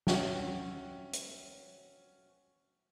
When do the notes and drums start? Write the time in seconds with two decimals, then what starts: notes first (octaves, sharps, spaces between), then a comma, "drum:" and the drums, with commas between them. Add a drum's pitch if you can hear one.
0.07 C#4 F#4 C#5 E5 G5, drum: snare
1.13 drum: hi-hat